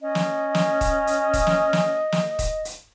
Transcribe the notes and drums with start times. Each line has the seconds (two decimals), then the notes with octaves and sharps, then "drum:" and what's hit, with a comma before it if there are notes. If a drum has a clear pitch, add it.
0.02 C#4 D#5
0.15 drum: snare
0.55 drum: snare
0.81 drum: kick, hi-hat
1.07 drum: hi-hat
1.33 drum: kick, hi-hat
1.47 drum: snare
1.73 drum: snare
2.12 drum: snare
2.39 drum: kick, hi-hat
2.65 drum: hi-hat